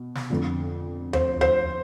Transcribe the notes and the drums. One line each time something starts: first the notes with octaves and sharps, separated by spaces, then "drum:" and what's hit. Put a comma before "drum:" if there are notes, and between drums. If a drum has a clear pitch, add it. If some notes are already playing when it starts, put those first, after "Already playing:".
Already playing: B2
drum: snare
F2 D3
C5, drum: tom D#2
C5, drum: tom D#2